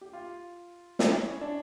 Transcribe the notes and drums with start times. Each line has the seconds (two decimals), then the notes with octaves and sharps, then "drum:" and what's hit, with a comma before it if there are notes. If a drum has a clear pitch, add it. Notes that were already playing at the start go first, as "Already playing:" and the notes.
0.01 G4
0.13 F4
0.99 E4, drum: snare
1.21 C#4
1.41 D4